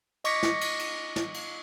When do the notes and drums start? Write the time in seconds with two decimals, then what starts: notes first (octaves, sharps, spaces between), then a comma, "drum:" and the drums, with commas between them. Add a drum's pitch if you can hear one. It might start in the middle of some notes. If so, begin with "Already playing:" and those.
0.24 D#5 C#6 D6 A#6 B6 C#7, drum: cymbal
0.43 drum: snare
0.61 drum: cymbal
0.79 drum: cymbal
1.16 drum: snare
1.34 drum: cymbal